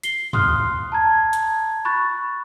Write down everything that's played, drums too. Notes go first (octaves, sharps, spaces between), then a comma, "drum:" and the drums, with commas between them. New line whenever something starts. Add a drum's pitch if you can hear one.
C7 G7, drum: hi-hat
C6 D#6 F6 F#6, drum: tom
A5 A#5 G#6
drum: hi-hat
B5 C#6 F#6 A6